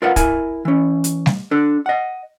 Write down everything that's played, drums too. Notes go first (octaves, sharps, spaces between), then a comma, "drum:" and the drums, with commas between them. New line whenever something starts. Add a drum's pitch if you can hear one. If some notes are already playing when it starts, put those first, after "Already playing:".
F4 A#4 B4 F5 F#5
E4 A#4 G#5, drum: kick, hi-hat
E3 C#4
drum: hi-hat
drum: snare G3
D4 A4
D#5 F#5